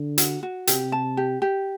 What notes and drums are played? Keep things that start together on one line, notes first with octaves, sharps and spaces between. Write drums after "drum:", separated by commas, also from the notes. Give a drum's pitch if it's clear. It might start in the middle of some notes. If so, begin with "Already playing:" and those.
Already playing: D3
F#4, drum: hi-hat
F#4
C3 G4, drum: hi-hat
A5
G4
G4